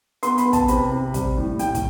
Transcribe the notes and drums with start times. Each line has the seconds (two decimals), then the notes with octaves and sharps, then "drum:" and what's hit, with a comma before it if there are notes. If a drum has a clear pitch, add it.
0.23 B3 C6, drum: hi-hat
0.38 B5, drum: hi-hat
0.45 B3
0.53 A5, drum: kick, hi-hat
0.68 C3 B5, drum: hi-hat
0.91 C3
1.14 G3, drum: kick, hi-hat
1.37 A2
1.59 A2 G5, drum: hi-hat
1.75 drum: kick, hi-hat